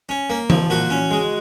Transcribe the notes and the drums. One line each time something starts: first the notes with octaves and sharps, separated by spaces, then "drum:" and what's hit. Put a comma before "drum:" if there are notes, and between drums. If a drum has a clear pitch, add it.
C#4
A#3
F3, drum: tom E3
A#2 F#4
C#4
G#3